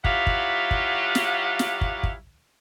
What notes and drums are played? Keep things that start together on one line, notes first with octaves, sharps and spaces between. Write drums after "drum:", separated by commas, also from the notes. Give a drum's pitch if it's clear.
F#3 E4 F4 G4 F5 F#5, drum: kick
drum: kick
drum: kick
drum: snare
drum: snare
drum: kick
drum: kick